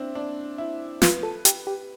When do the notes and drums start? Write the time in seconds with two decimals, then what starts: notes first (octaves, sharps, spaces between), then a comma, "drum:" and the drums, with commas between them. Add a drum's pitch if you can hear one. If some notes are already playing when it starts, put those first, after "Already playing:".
Already playing: C4 D4 E4
0.15 D4
0.58 E4
1.02 F4 B4, drum: snare
1.23 A4
1.45 G4, drum: hi-hat
1.67 G4